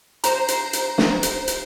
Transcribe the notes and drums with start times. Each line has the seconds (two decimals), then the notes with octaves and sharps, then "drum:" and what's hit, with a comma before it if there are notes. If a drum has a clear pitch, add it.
0.24 C5 A#5, drum: hi-hat
0.48 drum: hi-hat
0.73 drum: hi-hat
0.98 drum: snare
1.23 drum: hi-hat
1.48 drum: hi-hat